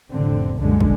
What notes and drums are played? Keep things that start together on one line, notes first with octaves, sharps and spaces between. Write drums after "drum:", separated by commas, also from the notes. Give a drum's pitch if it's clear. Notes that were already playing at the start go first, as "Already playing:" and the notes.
F1 A2 D3 C4
C2 F#2 A#2 D3 G#3
drum: kick